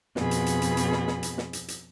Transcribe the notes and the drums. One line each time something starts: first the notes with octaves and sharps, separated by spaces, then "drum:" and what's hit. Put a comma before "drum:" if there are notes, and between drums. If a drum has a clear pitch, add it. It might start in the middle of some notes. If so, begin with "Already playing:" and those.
F2 B2 G#4 B5, drum: snare
drum: hi-hat
drum: hi-hat
drum: hi-hat
drum: hi-hat
drum: snare
drum: snare
drum: hi-hat
drum: snare
drum: hi-hat
drum: hi-hat